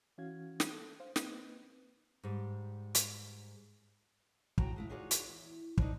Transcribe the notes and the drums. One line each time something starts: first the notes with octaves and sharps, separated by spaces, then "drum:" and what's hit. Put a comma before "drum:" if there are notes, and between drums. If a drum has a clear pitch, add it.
E3 C#4 F#4 F5 G#6
drum: snare
A4
C5 F5
A#3 C4 D#4 B4, drum: snare
G#2 G3
drum: hi-hat
A2 F#4 G5 A5 A#5, drum: kick
G#3 E4 F4
D4 D#4 F4 F#4 G#4 C#5
drum: hi-hat
E2
F3 D4 D#4, drum: kick